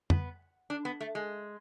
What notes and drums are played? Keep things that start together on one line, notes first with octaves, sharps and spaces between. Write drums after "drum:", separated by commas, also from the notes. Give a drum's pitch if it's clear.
B3, drum: tom F2
D4
B3
A3
G#3